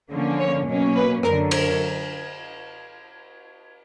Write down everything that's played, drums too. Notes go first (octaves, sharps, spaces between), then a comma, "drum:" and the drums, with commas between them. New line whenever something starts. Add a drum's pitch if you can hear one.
D3 F3 A#3 C#4
C#5
B2 F#3 A#3 C#4
B4
F#2 D3 F#3 A#4, drum: rim click
A#4, drum: cymbal